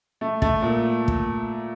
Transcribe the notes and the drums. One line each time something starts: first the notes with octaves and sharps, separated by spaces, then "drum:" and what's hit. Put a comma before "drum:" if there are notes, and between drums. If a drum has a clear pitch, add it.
A3
A3, drum: kick
A#2
drum: kick